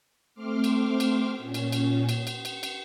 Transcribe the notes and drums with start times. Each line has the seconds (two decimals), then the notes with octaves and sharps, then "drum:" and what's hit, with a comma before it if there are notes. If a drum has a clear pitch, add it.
0.34 A3 C4 C6 D6 F6
0.64 drum: cymbal
1.00 drum: cymbal
1.38 A#2 C#4
1.54 drum: cymbal
1.72 drum: cymbal
2.09 drum: cymbal
2.27 drum: cymbal
2.45 C#7, drum: cymbal
2.63 drum: cymbal